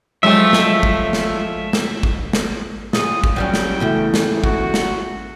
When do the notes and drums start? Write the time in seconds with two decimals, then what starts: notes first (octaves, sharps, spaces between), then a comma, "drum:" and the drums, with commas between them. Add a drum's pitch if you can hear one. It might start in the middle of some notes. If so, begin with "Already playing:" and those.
0.23 F3 F#3 G#3 A3 E5 G5
0.53 drum: snare
0.83 drum: kick A1
1.13 drum: snare
1.73 drum: snare
2.03 drum: kick A1
2.33 drum: snare
2.93 F4 G#4 D#6, drum: snare
3.24 drum: kick A1
3.36 F#3 G3 C#4 G5
3.54 drum: snare
3.80 E2 C#3 A3
4.14 drum: snare
4.44 F#4, drum: kick A1
4.74 drum: snare